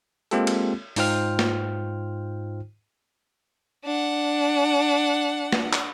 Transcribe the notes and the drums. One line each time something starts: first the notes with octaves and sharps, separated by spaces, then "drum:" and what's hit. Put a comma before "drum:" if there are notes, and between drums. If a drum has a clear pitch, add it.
G#3 A#3 C4 F4 G4 A4, drum: hi-hat
drum: cymbal
G#2 D#4 F4 C5 G5 F6, drum: open hi-hat
drum: snare
D4 F#5
drum: snare
drum: clap